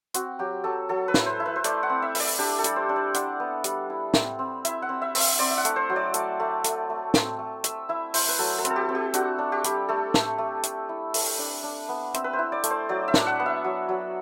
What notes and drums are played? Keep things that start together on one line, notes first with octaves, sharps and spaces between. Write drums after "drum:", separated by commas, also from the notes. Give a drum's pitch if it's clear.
C4 F#4, drum: hi-hat
F#3 G4
F#3 A4
F#3 A4
B4
E4, drum: snare
C5
E4
B4
C5
A3 D5, drum: hi-hat
F#5
C4
E5
E4, drum: open hi-hat
D5
D4 G4
A4
G3, drum: hi-hat
C5
D4
D5
D4 F#5, drum: hi-hat
B3
G3, drum: hi-hat
E4
C4, drum: snare
C4
E4 E5, drum: hi-hat
F#5
C4
E5
C4, drum: open hi-hat
E5
C4 D5
E5
F#5
A3, drum: hi-hat
C5
F#3
D5
A3, drum: hi-hat
A3
A3, drum: hi-hat
A3
C4, drum: snare
A3
A3 E5, drum: hi-hat
E4 E5
E4 C5, drum: open hi-hat
B4
F#3 A4
A4
C4, drum: hi-hat
A4
G4
C4
G4
D4 F#4, drum: hi-hat
D4
G4
G3, drum: hi-hat
A3 A4
A3, drum: snare
A3
A3, drum: hi-hat
E4
A3, drum: open hi-hat
D4
D4
B3
C4 E5, drum: hi-hat
B4
C5
E4
D5
A3, drum: hi-hat
C5
F#3 D5
E5
D4, drum: snare
F#5
B3
E5
F#3
F#3